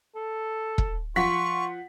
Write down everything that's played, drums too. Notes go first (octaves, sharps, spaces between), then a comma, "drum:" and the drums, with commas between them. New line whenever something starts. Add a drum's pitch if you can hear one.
A4
drum: kick E1
F3 F4 F#5 C#6 B6